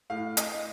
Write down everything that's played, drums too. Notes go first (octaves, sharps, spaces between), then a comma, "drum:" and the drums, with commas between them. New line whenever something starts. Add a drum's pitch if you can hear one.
A2 F5
D#5, drum: hi-hat